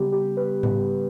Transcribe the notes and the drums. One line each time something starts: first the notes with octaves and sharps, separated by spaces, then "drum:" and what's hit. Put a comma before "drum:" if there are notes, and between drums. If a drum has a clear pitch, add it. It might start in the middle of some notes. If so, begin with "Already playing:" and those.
Already playing: C#3 G3 B3 G4
G4
B4
C#3 G3 B3 B4, drum: tom G#2